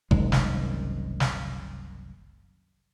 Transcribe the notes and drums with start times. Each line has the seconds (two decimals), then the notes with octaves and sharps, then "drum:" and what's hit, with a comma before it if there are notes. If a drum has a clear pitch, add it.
0.11 F#1 C2 D#3 G#3, drum: kick G1
0.32 drum: snare
1.20 drum: snare